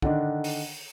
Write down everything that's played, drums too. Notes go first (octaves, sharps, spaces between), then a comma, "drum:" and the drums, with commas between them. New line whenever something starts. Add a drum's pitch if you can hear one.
D3 D#3 D4, drum: kick
drum: open hi-hat